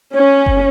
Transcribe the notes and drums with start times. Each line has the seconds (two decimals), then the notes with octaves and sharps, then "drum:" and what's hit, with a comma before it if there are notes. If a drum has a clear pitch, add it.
0.13 C#4
0.46 drum: kick F#1